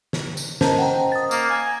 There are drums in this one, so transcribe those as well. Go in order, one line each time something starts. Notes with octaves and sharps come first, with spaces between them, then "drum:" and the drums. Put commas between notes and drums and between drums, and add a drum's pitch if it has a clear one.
drum: snare
drum: tambourine
C#4 A#4 C5 D#5 A5 A#5, drum: snare
F#5 G5 A#5
D#6 A6
A#3, drum: tambourine
G#5